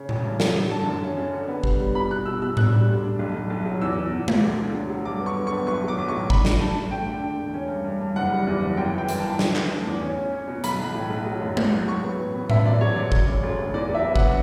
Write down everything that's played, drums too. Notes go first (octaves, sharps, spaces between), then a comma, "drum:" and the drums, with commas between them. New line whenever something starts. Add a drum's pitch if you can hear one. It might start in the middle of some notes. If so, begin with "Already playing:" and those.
Already playing: C#3
A1, drum: tom A#2
G2
A1, drum: snare
F#3
D3 A5
F#2
C#4
C#4
D3
B3
G3, drum: kick G#1
G3
B2 B5
B2 F#6
B2 E6
B2 E6
D4 F#6, drum: tom A2
G3
D2
D4
B1
B1
B1
F#3
E2 E6
B2
E2
B2, drum: tom G#3
D2
D3
F#3
F#3
G2 D6
B3
C#6
D3
C#6
B3
B1 C#6
F#3 D6
B1
C#6
A2
D4 B5, drum: kick G#1
D4, drum: snare
A3 A5
A3
A3 G5
D3
D3
E1
C#4
G2
G2
G2
F#1 F#5
G3
E2
F#1
F#2 G5
E3
G5
G1, drum: hi-hat
E3 A5
D3, drum: snare
A3, drum: clap
A3
E2
C#4
C#4
C#4
B2
B1 B5, drum: hi-hat
B1
A2
B1
F#3
F#2
F#3, drum: tom G#3
F#3
F#3 C#6
B3
A1
B3
F#2 E5, drum: tom A2
F#2 D5
F#3 C#5
F#2 D5
E1, drum: kick G#1
C#3
D2
D2
E2 D5
F#3
E5
B3
F#5, drum: kick G#1
D3